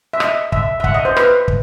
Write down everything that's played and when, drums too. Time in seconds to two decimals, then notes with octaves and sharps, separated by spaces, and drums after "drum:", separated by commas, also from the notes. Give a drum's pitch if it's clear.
0.13 E5
0.20 D#5, drum: rim click
0.52 E5, drum: kick
0.80 E5
0.84 F#5, drum: kick
0.94 D#5
1.05 C5
1.17 B4, drum: rim click
1.48 drum: kick